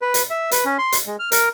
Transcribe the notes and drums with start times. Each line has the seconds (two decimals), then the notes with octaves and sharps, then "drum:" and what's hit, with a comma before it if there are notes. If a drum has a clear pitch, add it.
0.02 B4
0.14 drum: hi-hat
0.30 E5
0.51 B4, drum: hi-hat
0.65 C#4
0.78 C6
0.92 drum: hi-hat
1.07 G#3
1.19 F6
1.32 A#4, drum: hi-hat